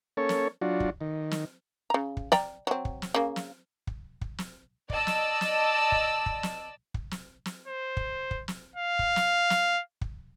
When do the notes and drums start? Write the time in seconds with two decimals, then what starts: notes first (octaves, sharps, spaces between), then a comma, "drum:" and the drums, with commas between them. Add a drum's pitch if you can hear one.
0.17 A#3 C#4 A4 C#5
0.29 drum: snare
0.61 F#3 D4 F4 F#4
0.80 drum: kick
1.01 D#3
1.31 drum: snare
1.90 C#3 A#5
2.17 drum: kick
2.32 D5 G5 A#5, drum: snare
2.67 F#3 C4
2.85 drum: kick
3.02 drum: snare
3.14 C#3 A#3
3.36 drum: snare
3.87 drum: kick
4.21 drum: kick
4.38 drum: snare
4.90 D5 D#5 A5 E6, drum: kick
5.07 drum: snare
5.41 drum: snare
5.92 drum: kick
6.26 drum: kick
6.43 drum: snare
6.94 drum: kick
7.11 drum: snare
7.46 drum: snare
7.68 C5
7.97 drum: kick
8.31 drum: kick
8.48 drum: snare
8.76 F5
8.99 drum: kick
9.16 drum: snare
9.50 drum: snare
10.01 drum: kick